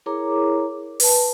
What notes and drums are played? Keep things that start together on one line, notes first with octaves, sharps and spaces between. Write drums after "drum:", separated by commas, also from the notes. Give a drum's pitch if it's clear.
E4 G#4 A#4 C#5 A#5 D6
B4 A5, drum: open hi-hat